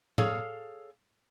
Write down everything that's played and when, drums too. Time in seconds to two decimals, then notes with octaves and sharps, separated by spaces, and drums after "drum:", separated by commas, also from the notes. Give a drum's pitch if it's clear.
0.18 G#4 A4 C#5 F5, drum: tom A2